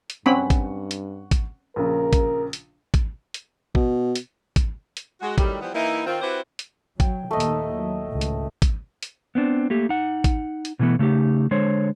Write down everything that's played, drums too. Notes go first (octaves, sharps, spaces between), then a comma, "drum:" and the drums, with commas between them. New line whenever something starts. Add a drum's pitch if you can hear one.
drum: hi-hat
G2 C4 C#4 F#5 B5 C#6
drum: kick, hi-hat
drum: hi-hat
drum: kick, hi-hat
A#1 C#3 A#4
drum: kick, hi-hat
drum: hi-hat
drum: kick, hi-hat
drum: hi-hat
B2, drum: kick
drum: hi-hat
drum: kick, hi-hat
drum: hi-hat
G#3 F#4
A2 D#3 F#3 G3, drum: kick, hi-hat
E3 F3 G3 B3
E3 A#3 D#4 E4
D#3 C4 F4
C4 E4 F#4 G4 B4 C5
drum: hi-hat
F#3 G5, drum: kick, hi-hat
D#2 A#2 D#3 A3 D#5
drum: hi-hat
F#3
G#1 C#2 A2
drum: hi-hat
drum: kick, hi-hat
drum: hi-hat
B3 C4 D4
A3 A#3 G4
D#4 F#5
drum: kick, hi-hat
drum: hi-hat
B2 D3 E3 A3 B3
C#3 A3 D#4 G4
D3 G#3 C5 C#5